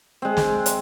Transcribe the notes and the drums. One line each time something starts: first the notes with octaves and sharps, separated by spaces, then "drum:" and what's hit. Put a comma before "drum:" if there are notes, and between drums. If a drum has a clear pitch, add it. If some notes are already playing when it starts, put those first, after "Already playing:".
G#3 C4
drum: snare
drum: hi-hat